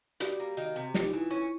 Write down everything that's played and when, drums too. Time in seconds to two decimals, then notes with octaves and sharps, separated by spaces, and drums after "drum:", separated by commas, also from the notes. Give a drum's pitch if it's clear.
0.20 G3 F#4, drum: hi-hat
0.40 A#3
0.57 D#3 F#4
0.76 C3
0.94 G3 F4, drum: snare
1.04 D#4
1.13 E3 E4
1.21 F4
1.31 C#4 E4